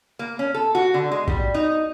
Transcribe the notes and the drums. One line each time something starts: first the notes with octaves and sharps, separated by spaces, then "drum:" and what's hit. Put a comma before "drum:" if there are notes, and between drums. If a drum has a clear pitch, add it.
A#3
C#4
A4
F#4
D3
G#3
G3, drum: kick A#1
D#4